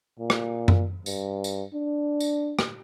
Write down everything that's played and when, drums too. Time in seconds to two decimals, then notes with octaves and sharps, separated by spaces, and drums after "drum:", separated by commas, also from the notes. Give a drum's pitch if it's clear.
0.19 A#2
0.30 drum: rim click
0.68 drum: tom F#2
1.06 G2, drum: tambourine
1.44 drum: tambourine
1.74 D4
2.20 drum: tambourine
2.59 drum: rim click